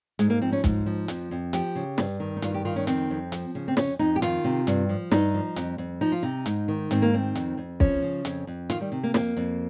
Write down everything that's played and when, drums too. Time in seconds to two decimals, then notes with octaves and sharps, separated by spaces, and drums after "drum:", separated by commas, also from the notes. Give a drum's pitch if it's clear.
0.19 G#2 G#3, drum: hi-hat
0.30 A#3
0.41 F3 C4
0.52 C#4
0.64 G#2, drum: kick, hi-hat
0.86 F3
1.08 F2, drum: hi-hat
1.31 F2
1.53 F3 G4, drum: hi-hat
1.76 C#3
1.98 G2, drum: snare
2.20 D#3
2.37 D#4
2.42 G2 F4, drum: hi-hat
2.54 G4
2.65 D#3 F4
2.76 C#4
2.87 F2 C4, drum: hi-hat
3.10 F2
3.32 F3, drum: hi-hat
3.55 C#3
3.68 C4
3.77 F2 C#4, drum: snare
3.99 F2 D#4
4.16 G4
4.22 D#3 F4, drum: hi-hat
4.44 C3
4.67 G2, drum: hi-hat
4.89 F3
5.11 G2 D#4, drum: snare
5.34 F3
5.56 F2, drum: hi-hat
5.78 F2
6.01 F3 D#4
6.12 F4
6.23 C3 D#4
6.46 G#2, drum: hi-hat
6.68 D#3
6.91 G#2 C4, drum: hi-hat
7.02 A#3
7.13 D#3 C4
7.36 F2, drum: hi-hat
7.57 F2
7.80 F3 C#4, drum: kick
8.02 C#3
8.25 F2, drum: hi-hat
8.47 F2
8.70 D#3 F4, drum: hi-hat
8.81 G3
8.92 C3
9.03 A#3
9.14 F2 A#3, drum: snare
9.37 F2